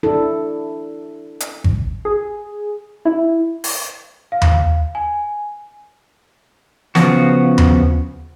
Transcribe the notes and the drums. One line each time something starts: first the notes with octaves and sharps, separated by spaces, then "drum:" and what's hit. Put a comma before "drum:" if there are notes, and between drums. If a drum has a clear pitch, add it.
D4 E4 A4
drum: hi-hat
drum: kick G#1
G#4
E4
drum: open hi-hat
F5
drum: tom D#2
G#5
C#3 F3 B3 F#4, drum: snare
drum: tom D#2